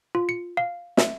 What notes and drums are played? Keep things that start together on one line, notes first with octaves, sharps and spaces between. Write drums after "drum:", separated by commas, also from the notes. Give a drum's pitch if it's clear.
F4
C#7
F5
E5, drum: snare